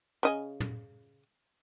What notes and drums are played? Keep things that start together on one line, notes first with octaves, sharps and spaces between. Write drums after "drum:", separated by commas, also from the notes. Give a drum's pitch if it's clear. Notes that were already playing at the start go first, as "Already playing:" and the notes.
C#3 D#5 G#5
drum: tom